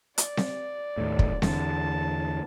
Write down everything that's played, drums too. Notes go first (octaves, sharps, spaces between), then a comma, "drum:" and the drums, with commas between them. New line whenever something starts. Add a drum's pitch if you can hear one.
D5, drum: hi-hat
drum: snare C4
D#2 A2
drum: kick
E2 D3 A5, drum: snare C4